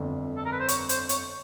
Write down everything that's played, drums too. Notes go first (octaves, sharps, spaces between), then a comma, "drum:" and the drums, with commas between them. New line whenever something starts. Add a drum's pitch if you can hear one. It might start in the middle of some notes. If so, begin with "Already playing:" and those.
Already playing: G1 F2 D3
A4
A#4
B4
C5
C#5, drum: hi-hat
C5, drum: hi-hat
C#5, drum: hi-hat